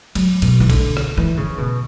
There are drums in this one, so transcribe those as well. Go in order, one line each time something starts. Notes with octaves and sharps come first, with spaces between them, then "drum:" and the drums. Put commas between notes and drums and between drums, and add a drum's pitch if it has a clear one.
F#3, drum: cymbal
B2, drum: cymbal
E3
D3, drum: kick, cymbal
drum: rim click
E3
C#3
B2